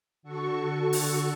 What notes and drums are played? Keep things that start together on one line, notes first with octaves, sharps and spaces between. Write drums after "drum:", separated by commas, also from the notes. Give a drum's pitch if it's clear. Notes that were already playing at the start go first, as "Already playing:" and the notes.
D3 F#4 A4 C#6
drum: open hi-hat